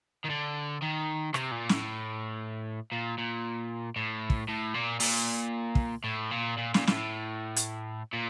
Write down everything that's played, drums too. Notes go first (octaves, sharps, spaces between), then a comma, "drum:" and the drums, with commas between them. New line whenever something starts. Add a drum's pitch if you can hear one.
D#3
D3
D#3
C3, drum: rim click
A#2
A2, drum: snare
A#2
A#2
A2
drum: kick
A2
A#2
A#2, drum: open hi-hat
drum: kick
A2
A#2
A#2
A#2, drum: snare
A#2, drum: snare
A2
drum: hi-hat
A#2